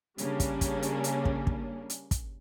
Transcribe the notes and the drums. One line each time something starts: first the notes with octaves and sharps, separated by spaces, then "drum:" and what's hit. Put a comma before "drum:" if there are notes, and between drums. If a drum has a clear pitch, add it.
C#3 G3 A#3 C#4 D4, drum: hi-hat
drum: kick, hi-hat
drum: kick, hi-hat
drum: hi-hat
drum: hi-hat
drum: kick
drum: kick
drum: hi-hat
drum: kick, hi-hat